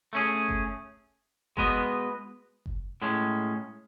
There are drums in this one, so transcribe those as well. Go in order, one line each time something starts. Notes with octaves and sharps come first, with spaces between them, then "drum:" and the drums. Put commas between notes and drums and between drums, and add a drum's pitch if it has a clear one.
A3 C#4 G#4
drum: kick F#1
G#3 B3 F#4 B4 D#5, drum: kick F#1
drum: kick F#1
A2 G#3 C#4